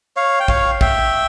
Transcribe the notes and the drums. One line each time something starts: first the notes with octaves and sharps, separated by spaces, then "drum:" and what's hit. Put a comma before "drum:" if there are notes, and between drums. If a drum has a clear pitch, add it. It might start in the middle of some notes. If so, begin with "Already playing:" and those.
C#5 F5
G5
C#5 F5, drum: kick
E5 G5, drum: kick